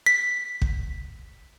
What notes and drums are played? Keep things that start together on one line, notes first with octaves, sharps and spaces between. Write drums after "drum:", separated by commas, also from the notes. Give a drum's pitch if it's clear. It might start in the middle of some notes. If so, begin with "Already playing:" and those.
B6
drum: kick